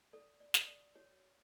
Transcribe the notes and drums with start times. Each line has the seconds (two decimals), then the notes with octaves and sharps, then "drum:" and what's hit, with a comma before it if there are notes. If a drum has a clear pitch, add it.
0.13 A4 D5
0.40 D5
0.54 A4, drum: snare
0.68 D5
0.95 F#4 C#5